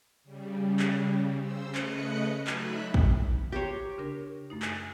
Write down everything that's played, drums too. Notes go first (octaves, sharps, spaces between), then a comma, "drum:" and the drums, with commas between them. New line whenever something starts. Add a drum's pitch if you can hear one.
C#3 G3
drum: clap
C#3 C5 E6
C#3 A3 B4 D#5 F#6 C#7, drum: clap
F#3 A3 D#4 E5 B5 F#6, drum: clap
drum: kick
G4 G#4 C5 C#5 A#5
C#3 D4 A#4
F#2 A3 D#4
G#5, drum: clap